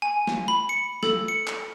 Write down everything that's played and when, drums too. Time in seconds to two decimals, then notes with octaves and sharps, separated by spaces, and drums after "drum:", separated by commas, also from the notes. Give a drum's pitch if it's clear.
0.02 G#5
0.27 drum: snare
0.48 B5
0.69 C#7
1.03 A4, drum: snare
1.28 C#7
1.47 drum: clap